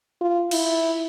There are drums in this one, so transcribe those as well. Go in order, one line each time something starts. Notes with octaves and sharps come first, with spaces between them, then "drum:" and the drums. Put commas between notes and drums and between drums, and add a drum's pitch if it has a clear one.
F4
E4, drum: cymbal